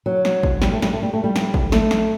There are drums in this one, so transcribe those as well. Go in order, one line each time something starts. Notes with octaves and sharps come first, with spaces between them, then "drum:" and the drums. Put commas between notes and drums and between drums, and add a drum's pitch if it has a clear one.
F#3
drum: snare
drum: kick
G3, drum: snare
A3
G3, drum: snare
A3
G3
A3
G3
drum: snare
drum: kick
A3, drum: snare
drum: snare